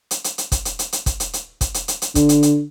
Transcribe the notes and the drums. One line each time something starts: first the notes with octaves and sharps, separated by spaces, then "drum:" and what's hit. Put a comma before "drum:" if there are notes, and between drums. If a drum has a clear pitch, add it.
drum: hi-hat
drum: hi-hat
drum: hi-hat
drum: kick, hi-hat
drum: hi-hat
drum: hi-hat
drum: hi-hat
drum: kick, hi-hat
drum: hi-hat
drum: hi-hat
drum: kick, hi-hat
drum: hi-hat
drum: hi-hat
drum: hi-hat
D3, drum: kick, hi-hat
drum: hi-hat
drum: hi-hat